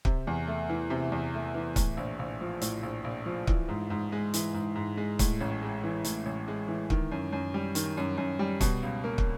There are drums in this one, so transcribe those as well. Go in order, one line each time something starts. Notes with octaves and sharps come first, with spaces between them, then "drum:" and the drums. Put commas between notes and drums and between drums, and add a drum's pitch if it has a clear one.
C3, drum: kick
E2
A3
E3
C3
E2
A3
E3
A2, drum: kick, hi-hat
A#1
A#1
F3
A2, drum: hi-hat
A#1
A#1
F3
E3, drum: kick
G#2
G#2
G#3
E3, drum: hi-hat
G#2
G#2
G#3
A2, drum: kick, hi-hat
A1
G#3
E3
A2, drum: hi-hat
A1
G#3
E3
D#3, drum: kick
F#2
F#2
G3
D#3, drum: hi-hat
F#2
F#2
G3
B2, drum: kick, hi-hat
C#2
A#3
drum: kick